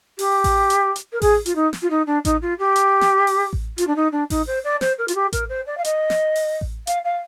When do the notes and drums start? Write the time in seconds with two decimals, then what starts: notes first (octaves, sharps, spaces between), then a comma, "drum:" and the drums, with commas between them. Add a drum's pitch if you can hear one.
0.19 G4, drum: open hi-hat
0.44 drum: kick A1, open hi-hat
0.70 drum: hi-hat
0.96 drum: hi-hat
1.13 A#4
1.22 G#4, drum: kick A1, open hi-hat
1.46 F4, drum: hi-hat
1.56 D#4
1.73 drum: snare
1.82 F4
1.90 D#4
2.07 D4
2.25 D#4, drum: kick A1, hi-hat
2.42 F4
2.59 G4
2.76 drum: hi-hat
3.01 drum: snare
3.27 drum: open hi-hat
3.53 drum: kick A1
3.78 F4, drum: hi-hat
3.87 D4
3.96 D#4
4.12 D4
4.30 D#4, drum: kick A1, open hi-hat
4.47 C5
4.64 D5
4.81 C5, drum: snare
4.98 A#4
5.08 F4, drum: hi-hat
5.15 G4
5.33 A#4, drum: kick A1, hi-hat
5.49 C5
5.67 D5
5.78 F5
5.84 D#5, drum: hi-hat
6.10 drum: snare
6.36 drum: open hi-hat
6.61 drum: kick A1
6.87 F5, drum: hi-hat
7.05 F5